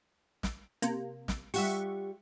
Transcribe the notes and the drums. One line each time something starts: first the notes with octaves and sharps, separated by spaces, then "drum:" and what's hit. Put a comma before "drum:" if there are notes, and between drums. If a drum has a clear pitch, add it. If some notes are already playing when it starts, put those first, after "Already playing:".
drum: snare
C3 A#3, drum: hi-hat
drum: snare
G3 F4 G4 E5 F#5 C#6, drum: open hi-hat